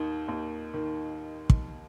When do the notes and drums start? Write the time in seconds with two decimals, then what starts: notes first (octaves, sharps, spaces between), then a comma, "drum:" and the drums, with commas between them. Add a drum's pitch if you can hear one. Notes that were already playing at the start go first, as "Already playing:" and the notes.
Already playing: D#2 D#3 D#4
0.28 D#2
0.74 D#3
1.50 drum: kick